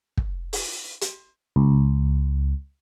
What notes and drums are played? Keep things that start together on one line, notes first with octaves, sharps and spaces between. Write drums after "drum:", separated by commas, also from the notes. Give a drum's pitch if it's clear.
drum: kick
drum: open hi-hat
drum: hi-hat
C#2